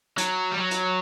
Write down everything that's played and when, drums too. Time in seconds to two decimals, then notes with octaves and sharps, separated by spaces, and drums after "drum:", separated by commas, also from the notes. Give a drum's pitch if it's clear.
0.18 F#3, drum: hi-hat
0.52 G3
0.58 F#3
0.71 drum: hi-hat